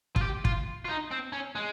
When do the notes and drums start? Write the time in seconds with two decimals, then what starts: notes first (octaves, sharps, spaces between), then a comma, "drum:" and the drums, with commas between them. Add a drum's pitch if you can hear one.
0.16 F4, drum: kick
0.22 G4
0.45 F4, drum: kick
0.85 F4
0.89 D#4
1.11 C4
1.33 C#4
1.55 G#3